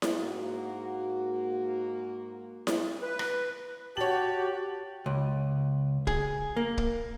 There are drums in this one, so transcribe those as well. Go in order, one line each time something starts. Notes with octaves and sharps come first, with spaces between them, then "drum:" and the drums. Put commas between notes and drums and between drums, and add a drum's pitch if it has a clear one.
drum: snare E4
G#2 A#3 F#4
drum: snare E4
B4
drum: rim click
F#4 G4 C#5 A5 F#7
C#2
G#4, drum: kick
A#3
drum: kick